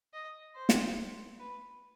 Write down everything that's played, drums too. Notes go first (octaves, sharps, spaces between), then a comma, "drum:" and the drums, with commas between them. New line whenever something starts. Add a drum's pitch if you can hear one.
D#5
C5
drum: snare
B4